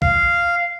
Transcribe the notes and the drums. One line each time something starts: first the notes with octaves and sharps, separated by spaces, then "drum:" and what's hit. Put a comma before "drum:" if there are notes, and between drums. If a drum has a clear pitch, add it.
F5, drum: kick